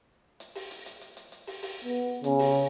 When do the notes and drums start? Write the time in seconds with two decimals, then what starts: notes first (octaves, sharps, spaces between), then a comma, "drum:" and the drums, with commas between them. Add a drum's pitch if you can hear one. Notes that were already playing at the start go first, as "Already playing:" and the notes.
0.40 drum: hi-hat
0.55 drum: open hi-hat
0.71 drum: hi-hat
0.86 drum: hi-hat
1.01 drum: hi-hat
1.17 drum: hi-hat
1.32 drum: hi-hat
1.47 drum: open hi-hat
1.63 drum: open hi-hat
1.85 B3
2.24 C#3, drum: hi-hat
2.39 drum: open hi-hat